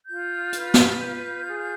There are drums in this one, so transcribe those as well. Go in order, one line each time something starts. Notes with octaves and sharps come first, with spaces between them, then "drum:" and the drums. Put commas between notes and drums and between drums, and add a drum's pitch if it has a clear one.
F4 G6
B4, drum: hi-hat
drum: snare
F4 G6
G#4